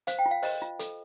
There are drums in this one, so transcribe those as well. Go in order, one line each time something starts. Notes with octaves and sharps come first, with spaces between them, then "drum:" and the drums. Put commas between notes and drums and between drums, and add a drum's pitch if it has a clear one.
C5 F5, drum: hi-hat
G5
F4
F5
C5 D#5, drum: open hi-hat
F4
A4, drum: hi-hat